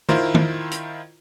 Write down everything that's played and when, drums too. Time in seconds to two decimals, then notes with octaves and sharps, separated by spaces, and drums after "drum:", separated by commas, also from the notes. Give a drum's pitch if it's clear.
0.09 D#3 E4 F4 A#4 C5, drum: tom
0.34 drum: tom
0.71 drum: hi-hat